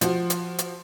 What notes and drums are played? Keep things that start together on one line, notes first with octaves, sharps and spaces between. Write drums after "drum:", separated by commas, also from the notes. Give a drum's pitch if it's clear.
F3 F#4, drum: hi-hat
drum: hi-hat
drum: hi-hat